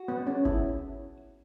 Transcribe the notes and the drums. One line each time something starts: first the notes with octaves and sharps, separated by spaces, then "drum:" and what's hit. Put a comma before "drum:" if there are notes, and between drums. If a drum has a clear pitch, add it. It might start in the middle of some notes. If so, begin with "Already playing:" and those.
Already playing: F#4
B3
C#4
E4, drum: kick